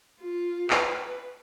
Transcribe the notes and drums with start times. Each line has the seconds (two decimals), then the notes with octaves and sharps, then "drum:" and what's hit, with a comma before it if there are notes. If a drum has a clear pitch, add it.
0.21 F4
0.70 B4, drum: clap